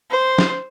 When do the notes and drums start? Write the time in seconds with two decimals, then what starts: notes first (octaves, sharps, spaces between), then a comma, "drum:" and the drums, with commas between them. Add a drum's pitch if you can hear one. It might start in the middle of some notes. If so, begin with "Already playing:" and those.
0.11 C5
0.38 drum: snare